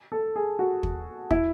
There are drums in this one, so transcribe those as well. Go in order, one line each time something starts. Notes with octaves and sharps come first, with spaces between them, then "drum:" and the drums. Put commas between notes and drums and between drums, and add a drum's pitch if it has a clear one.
A4
G#4
F#4
drum: kick
E4, drum: kick